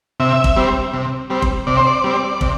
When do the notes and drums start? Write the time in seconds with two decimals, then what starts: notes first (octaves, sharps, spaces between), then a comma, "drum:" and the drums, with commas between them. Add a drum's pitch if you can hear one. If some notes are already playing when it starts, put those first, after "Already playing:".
0.20 C3 E5
0.44 drum: kick
0.56 G3 C4
0.93 C3
1.30 G3 C4
1.42 drum: kick
1.67 C3 D5
1.77 C5
1.87 D5
2.04 G3 C4
2.41 C3, drum: kick